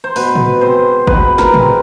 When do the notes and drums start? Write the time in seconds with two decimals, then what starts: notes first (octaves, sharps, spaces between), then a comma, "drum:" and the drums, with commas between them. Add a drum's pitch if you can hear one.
0.04 C5
0.16 B2 B4, drum: open hi-hat
0.36 drum: tom A2
0.61 G#3 C4 C5
1.07 B2 B4, drum: kick
1.38 A#4, drum: snare
1.54 G#3 C4, drum: tom A2